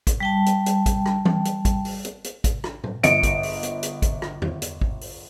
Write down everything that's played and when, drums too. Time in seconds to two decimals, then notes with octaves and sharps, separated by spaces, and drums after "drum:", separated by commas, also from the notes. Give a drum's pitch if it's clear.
0.07 drum: kick A1, hi-hat
0.20 G3 G5 A5
0.46 drum: hi-hat
0.66 drum: hi-hat
0.86 drum: kick A1, hi-hat
1.06 drum: rim click
1.25 drum: tom E3
1.45 drum: hi-hat
1.65 drum: kick A1, hi-hat
1.85 drum: open hi-hat
2.05 drum: hi-hat
2.24 drum: hi-hat
2.44 drum: kick A1, hi-hat
2.64 drum: rim click
2.84 drum: tom A#2
3.03 G1 D#5 C#7 D7, drum: hi-hat
3.23 drum: kick A1, hi-hat
3.43 drum: open hi-hat
3.63 drum: hi-hat
3.83 drum: hi-hat
4.02 drum: kick A1, hi-hat
4.22 drum: rim click
4.42 drum: tom E2
4.62 drum: hi-hat
4.81 drum: kick A1
5.01 drum: open hi-hat